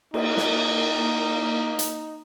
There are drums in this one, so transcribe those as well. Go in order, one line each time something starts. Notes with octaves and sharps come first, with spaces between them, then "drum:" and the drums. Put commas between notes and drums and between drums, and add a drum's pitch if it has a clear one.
A#3 D#4, drum: cymbal
drum: snare
drum: hi-hat